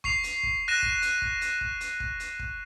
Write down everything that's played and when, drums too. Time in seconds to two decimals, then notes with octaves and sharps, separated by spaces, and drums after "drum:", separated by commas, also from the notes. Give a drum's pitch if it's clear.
0.04 C#6 C7 F7, drum: kick
0.24 drum: hi-hat
0.43 drum: kick
0.68 F#6 A#6 D#7 E7
0.82 drum: kick
1.02 drum: hi-hat
1.22 drum: kick
1.41 drum: hi-hat
1.61 drum: kick
1.81 drum: hi-hat
2.00 drum: kick
2.20 drum: hi-hat
2.39 drum: kick